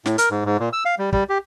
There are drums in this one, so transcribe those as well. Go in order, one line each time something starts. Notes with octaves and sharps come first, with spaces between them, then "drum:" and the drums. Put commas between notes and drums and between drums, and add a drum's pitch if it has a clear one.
A2, drum: snare
A#4, drum: hi-hat
G#2
G#2
A#2
E6
F5
G3
G3, drum: kick
G4